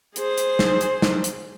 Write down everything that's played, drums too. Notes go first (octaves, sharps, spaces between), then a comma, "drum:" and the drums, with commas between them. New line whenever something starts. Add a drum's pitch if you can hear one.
G#4 C5, drum: hi-hat
drum: hi-hat
drum: snare
drum: hi-hat
drum: snare
drum: hi-hat